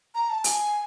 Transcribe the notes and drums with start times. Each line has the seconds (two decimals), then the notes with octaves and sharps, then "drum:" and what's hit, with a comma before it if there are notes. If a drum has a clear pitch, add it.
0.15 A#5
0.30 A5
0.44 G#5, drum: hi-hat